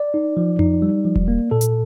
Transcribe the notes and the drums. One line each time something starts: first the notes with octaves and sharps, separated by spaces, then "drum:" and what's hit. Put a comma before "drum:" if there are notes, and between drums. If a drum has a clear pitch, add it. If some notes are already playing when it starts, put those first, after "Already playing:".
Already playing: D5
D#4
F3
D#4, drum: tom F2
G3
F3
drum: kick E1
A#3
A#2 A4
drum: hi-hat